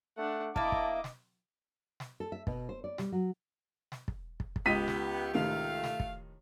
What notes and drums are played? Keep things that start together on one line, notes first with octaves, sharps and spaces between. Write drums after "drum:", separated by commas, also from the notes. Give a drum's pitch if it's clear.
A3 D4 F#5
A#3 E4 D#5 A5 D6, drum: kick
drum: kick
drum: snare
drum: snare
A4
E5
B2, drum: kick
C5
D5
G3, drum: snare
F#3
drum: snare
drum: kick
drum: kick
drum: kick
C#2 B3 G4 D#5 B6 D#7
drum: snare
A2 C3 D#3 A3 F5
drum: snare
drum: kick